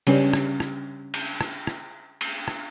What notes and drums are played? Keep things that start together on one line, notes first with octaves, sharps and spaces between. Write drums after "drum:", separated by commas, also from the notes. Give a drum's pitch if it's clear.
C#3 G3 C#4 D4 B4, drum: cymbal
drum: rim click
drum: rim click
drum: cymbal
drum: rim click
drum: rim click
drum: cymbal
drum: rim click